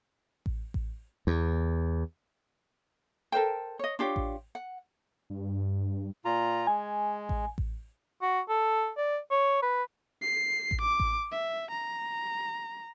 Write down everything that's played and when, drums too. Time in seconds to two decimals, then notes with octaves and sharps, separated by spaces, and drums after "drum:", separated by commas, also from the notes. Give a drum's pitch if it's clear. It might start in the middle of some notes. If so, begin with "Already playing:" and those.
0.46 drum: kick A1
0.74 drum: kick A1
1.27 E2
3.32 A4 A#4 C5 G5
3.79 C#5 D#5
3.99 D4 F4 G4 C#5
4.16 drum: kick A1
4.55 F#5
5.30 G2
6.25 A#2 F4 A#5
6.67 G#3 G#5
7.29 drum: kick A1
7.58 drum: kick A1
8.22 F#4
8.49 A4
8.98 D5
9.31 C#5
9.62 B4
10.22 C7
10.71 drum: kick A1
10.81 D6
11.00 drum: kick A1
11.32 E5
11.71 A#5